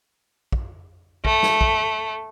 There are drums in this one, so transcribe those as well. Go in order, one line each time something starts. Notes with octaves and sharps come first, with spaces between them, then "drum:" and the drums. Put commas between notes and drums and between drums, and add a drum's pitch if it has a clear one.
drum: kick
A3, drum: kick
drum: snare
drum: kick